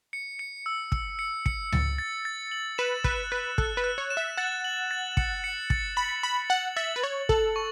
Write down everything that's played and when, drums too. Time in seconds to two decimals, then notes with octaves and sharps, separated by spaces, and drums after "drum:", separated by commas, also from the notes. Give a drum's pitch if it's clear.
0.13 C#7
0.39 C#7
0.66 E6
0.92 E6, drum: kick
1.19 C#7
1.46 C#7, drum: kick
1.73 A6, drum: tom C#2
1.98 A6
2.25 A6
2.51 F#7
2.78 B4 E7
3.04 B4 F#6, drum: kick
3.32 B4 F#6
3.58 A4 F#6, drum: kick
3.77 B4
3.84 F#6
3.98 C#5
4.10 E7
4.17 E5
4.37 F#5 A6
4.64 F#7
4.91 A6
5.17 C#7, drum: kick
5.44 C#7
5.70 A6, drum: kick
5.97 B5 F#7
6.23 B5 F#7
6.50 F#5 F#7
6.77 E5 A6
6.96 B4
7.03 C#5 A6
7.29 A4 F#7, drum: kick
7.56 C#6